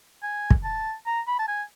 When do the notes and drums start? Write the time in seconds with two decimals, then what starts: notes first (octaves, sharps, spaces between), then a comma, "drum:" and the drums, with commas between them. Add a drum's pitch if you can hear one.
0.23 G#5
0.50 drum: kick
0.64 A5
1.06 A#5
1.27 B5
1.39 A5
1.48 G#5